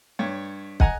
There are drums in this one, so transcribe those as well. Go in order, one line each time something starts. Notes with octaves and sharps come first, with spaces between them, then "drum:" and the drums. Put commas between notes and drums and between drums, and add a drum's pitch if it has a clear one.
G2 C#5
D#5 F#5 G#5 A#5, drum: kick